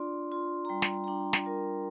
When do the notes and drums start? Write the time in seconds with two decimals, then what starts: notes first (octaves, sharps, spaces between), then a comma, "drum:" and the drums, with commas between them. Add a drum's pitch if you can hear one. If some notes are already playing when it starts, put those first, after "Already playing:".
Already playing: D4 F4 D5 C6
0.32 F4 C6
0.65 A#5
0.69 G3 G5
0.82 drum: snare
1.04 A#5
1.07 D4 G5
1.33 drum: snare
1.46 F4 A#4